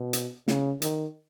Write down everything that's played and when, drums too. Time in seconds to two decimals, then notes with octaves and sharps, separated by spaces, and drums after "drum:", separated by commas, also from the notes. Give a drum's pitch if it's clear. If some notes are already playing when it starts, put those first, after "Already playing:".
Already playing: B2
0.13 drum: hi-hat
0.48 C#3, drum: snare
0.82 D#3, drum: hi-hat